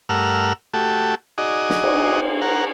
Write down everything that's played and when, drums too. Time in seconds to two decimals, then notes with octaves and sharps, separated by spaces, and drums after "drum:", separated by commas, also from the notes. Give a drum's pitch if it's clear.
0.09 G2 A3 A#4 F#5 E6 F6
0.74 A3 F#4 G4 A4
1.38 D#4 F#4 G#4 D5 D#5
1.70 drum: snare
1.84 drum: cymbal
2.42 A#4 F#5